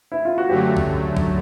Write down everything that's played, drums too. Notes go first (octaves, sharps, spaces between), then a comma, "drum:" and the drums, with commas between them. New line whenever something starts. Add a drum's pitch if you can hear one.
E4
F4
F#4
F#2 D3 F#3 A3 G4
drum: kick
drum: kick